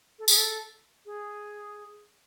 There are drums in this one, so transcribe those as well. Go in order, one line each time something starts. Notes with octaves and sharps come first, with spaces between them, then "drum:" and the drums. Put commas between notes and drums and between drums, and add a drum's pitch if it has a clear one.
A4
G#4, drum: tambourine
A4
G#4